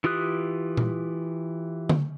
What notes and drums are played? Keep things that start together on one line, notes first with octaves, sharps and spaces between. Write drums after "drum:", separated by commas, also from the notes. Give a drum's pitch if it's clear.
E3 F4 G4 D#6 F#6
drum: tom A#2
drum: tom D3